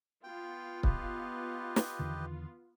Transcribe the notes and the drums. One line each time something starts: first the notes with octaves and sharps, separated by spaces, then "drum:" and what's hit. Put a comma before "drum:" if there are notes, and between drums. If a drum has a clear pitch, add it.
B3 F4 G5
G4 B4 D#5, drum: kick C#1
drum: snare
E2 D3 D#3